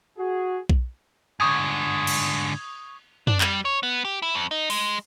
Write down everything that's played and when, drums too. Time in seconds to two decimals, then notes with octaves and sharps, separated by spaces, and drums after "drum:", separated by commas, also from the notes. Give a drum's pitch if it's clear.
0.18 F#4 G#4
0.69 drum: kick B1
1.40 G#2 D3 C#6 D#6 G#6
2.07 drum: cymbal
3.27 D4, drum: tom
3.41 G3, drum: clap
3.65 C#5
3.83 B3
4.05 G4
4.22 E4
4.35 F2
4.51 D#4
4.70 G#3, drum: open hi-hat